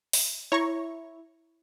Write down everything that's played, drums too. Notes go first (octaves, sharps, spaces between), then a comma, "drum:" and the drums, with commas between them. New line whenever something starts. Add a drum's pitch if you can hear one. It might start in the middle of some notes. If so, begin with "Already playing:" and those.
drum: open hi-hat
E4 C#5 A#5 C#6